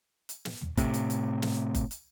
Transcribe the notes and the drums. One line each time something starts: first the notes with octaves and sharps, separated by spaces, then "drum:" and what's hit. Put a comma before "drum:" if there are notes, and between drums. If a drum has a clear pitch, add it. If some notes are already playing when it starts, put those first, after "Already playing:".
drum: hi-hat
drum: snare
drum: tom
A2 C3, drum: kick F#1, hi-hat
drum: hi-hat
drum: hi-hat
drum: snare
drum: kick F#1, hi-hat
drum: hi-hat